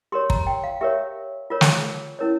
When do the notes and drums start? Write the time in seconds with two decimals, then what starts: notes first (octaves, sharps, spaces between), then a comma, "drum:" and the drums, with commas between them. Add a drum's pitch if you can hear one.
0.12 G4 A#4 C#5 C6
0.30 A#5, drum: kick
0.47 G5
0.64 F5
0.81 G4 A#4 C#5 E5
1.50 F4 A#4 C#5
1.61 drum: snare
2.19 C#4 E4 A#4 C#5